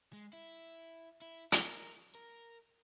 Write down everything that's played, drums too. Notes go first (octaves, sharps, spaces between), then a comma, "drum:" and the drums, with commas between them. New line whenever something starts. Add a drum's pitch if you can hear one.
G#3
E4
E4
A#4, drum: hi-hat
A#4